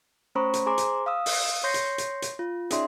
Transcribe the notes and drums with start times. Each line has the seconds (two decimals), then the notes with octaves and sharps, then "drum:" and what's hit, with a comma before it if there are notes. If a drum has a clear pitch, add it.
0.35 A3 C#4 C5 A#5 B5 C#6
0.54 drum: hi-hat
0.66 G#4 C5 G#5 A#5 C6 D6
0.78 drum: hi-hat
1.06 F5 D#6 E6
1.26 drum: open hi-hat
1.63 C#5 C6 G6 A#6 C7 C#7
1.74 drum: hi-hat
1.98 drum: hi-hat
2.22 drum: hi-hat
2.39 F4
2.71 C#4 D#4 G#4 D5 E5 C6, drum: hi-hat